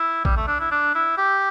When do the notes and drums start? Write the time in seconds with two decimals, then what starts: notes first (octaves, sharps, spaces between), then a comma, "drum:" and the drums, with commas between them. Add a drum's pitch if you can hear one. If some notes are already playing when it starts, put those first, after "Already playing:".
Already playing: E4
0.25 G3, drum: kick A1
0.37 A3
0.48 D4
0.60 E4
0.72 D4
0.95 E4
1.18 G4